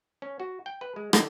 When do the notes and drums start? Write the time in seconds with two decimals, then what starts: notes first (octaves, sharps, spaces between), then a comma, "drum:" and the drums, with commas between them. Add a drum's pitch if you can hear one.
0.22 C#4
0.40 F#4
0.66 G5
0.81 B4
0.96 G#3
1.13 D3, drum: rim click